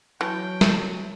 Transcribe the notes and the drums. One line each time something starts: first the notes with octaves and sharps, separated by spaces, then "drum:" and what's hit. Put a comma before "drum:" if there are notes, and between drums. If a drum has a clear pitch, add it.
E3 F#3 C#5 G5 A5
drum: snare